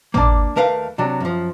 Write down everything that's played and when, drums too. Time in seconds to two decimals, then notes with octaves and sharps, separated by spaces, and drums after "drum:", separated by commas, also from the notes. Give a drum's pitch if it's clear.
0.14 A#3 D4, drum: tom G#1
0.56 D#2 A3 A#4 B4 F5
0.98 C3 F#3 D4
1.20 F#2 F3